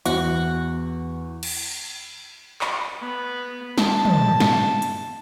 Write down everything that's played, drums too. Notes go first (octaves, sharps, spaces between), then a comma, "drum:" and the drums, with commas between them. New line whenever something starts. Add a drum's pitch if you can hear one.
E2 F#4, drum: hi-hat
drum: cymbal
drum: clap
B3
A5, drum: snare
drum: tom
drum: snare
drum: hi-hat